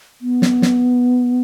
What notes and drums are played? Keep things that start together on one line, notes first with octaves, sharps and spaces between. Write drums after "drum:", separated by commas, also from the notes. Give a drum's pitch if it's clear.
B3
drum: snare
drum: snare